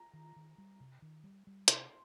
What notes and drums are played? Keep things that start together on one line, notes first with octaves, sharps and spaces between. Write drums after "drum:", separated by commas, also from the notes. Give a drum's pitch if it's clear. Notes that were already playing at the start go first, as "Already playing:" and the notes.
Already playing: A#5
D#3
D#3
G3
C3
D#3
G3
G3
C3 C6, drum: hi-hat